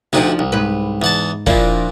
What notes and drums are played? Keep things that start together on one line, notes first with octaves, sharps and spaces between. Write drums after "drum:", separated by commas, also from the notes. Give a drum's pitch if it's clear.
D2 C3 F3 D4 D#4 F#4
C2
G#2 B4
E2 F#5 A5
A#2 F3 A#3 D4 E4, drum: kick